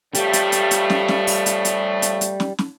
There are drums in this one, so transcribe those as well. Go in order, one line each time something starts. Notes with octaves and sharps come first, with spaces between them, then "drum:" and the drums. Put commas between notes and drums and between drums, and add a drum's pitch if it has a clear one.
C#3 F3 G3 A3, drum: hi-hat
drum: hi-hat
drum: hi-hat
drum: hi-hat
drum: snare
drum: snare
drum: open hi-hat
drum: hi-hat
drum: hi-hat
drum: hi-hat
drum: hi-hat
drum: snare
drum: snare